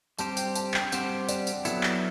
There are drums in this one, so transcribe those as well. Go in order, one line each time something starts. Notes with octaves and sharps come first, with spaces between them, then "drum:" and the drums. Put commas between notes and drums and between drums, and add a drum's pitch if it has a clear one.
G3 C4 G4 C5 A5, drum: tambourine
G5, drum: tambourine
A5, drum: tambourine
G5, drum: clap
G3 C4 G4 C5 F#5, drum: tambourine
D5, drum: tambourine
drum: tambourine
F#3 B3 E4 A4, drum: tambourine
drum: clap